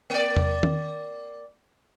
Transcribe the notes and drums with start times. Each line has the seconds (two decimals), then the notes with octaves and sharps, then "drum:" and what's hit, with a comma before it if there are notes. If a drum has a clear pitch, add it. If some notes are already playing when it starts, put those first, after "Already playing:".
0.10 A#3 D5
0.36 drum: tom E2
0.63 drum: tom D#3